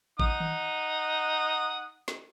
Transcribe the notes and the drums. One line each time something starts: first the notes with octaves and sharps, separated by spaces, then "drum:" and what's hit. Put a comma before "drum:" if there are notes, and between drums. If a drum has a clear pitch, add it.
D#4 F#5 D#6, drum: kick G#1
drum: tom D#3
drum: snare